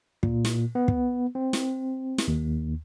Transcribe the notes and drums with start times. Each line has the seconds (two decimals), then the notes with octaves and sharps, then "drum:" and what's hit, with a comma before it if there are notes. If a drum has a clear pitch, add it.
0.23 A#2, drum: kick
0.45 drum: snare
0.75 B3
0.88 drum: kick
1.35 C4
1.53 drum: snare
2.18 drum: snare
2.28 D#2